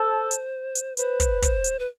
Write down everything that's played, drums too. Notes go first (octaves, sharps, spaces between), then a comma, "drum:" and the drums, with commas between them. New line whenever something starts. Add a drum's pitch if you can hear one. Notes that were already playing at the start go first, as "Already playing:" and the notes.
Already playing: A4 C5
drum: hi-hat
drum: hi-hat
B4 C5, drum: hi-hat
drum: kick, hi-hat
C5, drum: kick, hi-hat
drum: hi-hat
B4